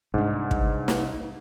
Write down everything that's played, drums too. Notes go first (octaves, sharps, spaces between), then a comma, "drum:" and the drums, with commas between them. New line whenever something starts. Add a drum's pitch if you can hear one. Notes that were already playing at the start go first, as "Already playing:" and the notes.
C2 G#2 D4
drum: kick
drum: snare